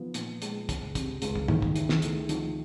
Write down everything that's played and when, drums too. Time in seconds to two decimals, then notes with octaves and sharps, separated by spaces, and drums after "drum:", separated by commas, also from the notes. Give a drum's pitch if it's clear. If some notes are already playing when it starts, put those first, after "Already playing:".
Already playing: F3 B3
0.14 A#2, drum: hi-hat
0.42 G#3, drum: hi-hat
0.69 C#2, drum: kick, hi-hat
0.95 C3, drum: kick, hi-hat
1.22 C#2, drum: hi-hat
1.36 drum: kick
1.48 D#3, drum: tom
1.62 drum: kick
1.76 E4, drum: hi-hat
1.89 drum: snare
2.02 A3, drum: hi-hat
2.29 F3, drum: hi-hat